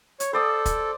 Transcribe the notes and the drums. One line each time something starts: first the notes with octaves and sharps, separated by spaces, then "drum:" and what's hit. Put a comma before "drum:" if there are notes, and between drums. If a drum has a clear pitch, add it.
C#5, drum: hi-hat
A4 C5 D5 D#6
drum: kick, hi-hat